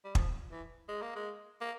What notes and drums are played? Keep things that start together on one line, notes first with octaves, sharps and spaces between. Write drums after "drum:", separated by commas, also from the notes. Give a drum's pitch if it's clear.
G3
F3, drum: kick
E3
G#3
A#3
G#3
A#3